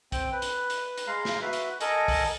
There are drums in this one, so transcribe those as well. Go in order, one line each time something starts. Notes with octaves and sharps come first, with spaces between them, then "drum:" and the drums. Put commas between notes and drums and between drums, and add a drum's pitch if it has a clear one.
C4 G5, drum: kick, hi-hat
B4
drum: hi-hat
drum: hi-hat
drum: hi-hat
G#3 F5 A#5
drum: snare
F#4 B4 E5
drum: hi-hat
A4 A#4 D#5 G#5, drum: hi-hat
drum: kick, open hi-hat